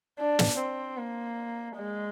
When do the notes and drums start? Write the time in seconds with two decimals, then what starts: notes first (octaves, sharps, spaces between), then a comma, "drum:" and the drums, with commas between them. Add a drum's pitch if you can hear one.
0.19 D4
0.39 drum: snare
0.58 C4
0.97 A#3
1.77 G#3